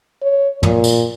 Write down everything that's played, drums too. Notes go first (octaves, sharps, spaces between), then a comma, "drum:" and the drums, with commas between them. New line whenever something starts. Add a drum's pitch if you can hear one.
C#5
A#2, drum: tom
drum: tambourine